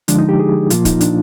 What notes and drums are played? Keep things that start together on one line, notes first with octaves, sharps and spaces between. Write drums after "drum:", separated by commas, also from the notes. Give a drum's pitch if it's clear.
D3 F3 G#3 D4, drum: hi-hat
D#4
G4
G#4
A#2 F3 A#3 F4, drum: hi-hat
D#4, drum: kick, hi-hat
D4, drum: hi-hat